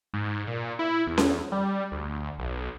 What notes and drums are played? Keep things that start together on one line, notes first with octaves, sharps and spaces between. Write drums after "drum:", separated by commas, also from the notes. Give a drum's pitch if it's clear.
G#2
A#2
E4
E2
drum: snare C#4
G3
D2
B1